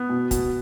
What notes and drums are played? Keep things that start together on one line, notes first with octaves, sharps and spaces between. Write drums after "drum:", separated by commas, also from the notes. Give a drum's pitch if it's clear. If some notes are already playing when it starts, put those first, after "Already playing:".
Already playing: B3
B2
B2, drum: kick, hi-hat